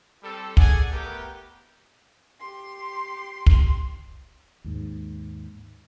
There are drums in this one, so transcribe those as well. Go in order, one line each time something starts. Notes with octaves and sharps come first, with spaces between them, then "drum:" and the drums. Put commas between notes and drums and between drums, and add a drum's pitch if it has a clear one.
G3 C4 A4
G#4 A4 D5 F#5 G#5, drum: kick
A3 B3 G4 A#4 B4
G4 C6
drum: kick
D#2 G#2